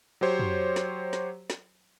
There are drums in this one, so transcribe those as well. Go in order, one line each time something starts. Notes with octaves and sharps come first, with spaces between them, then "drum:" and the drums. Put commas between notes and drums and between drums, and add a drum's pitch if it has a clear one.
F#3 G4 C5 C#5
drum: tom
drum: snare
drum: snare
drum: snare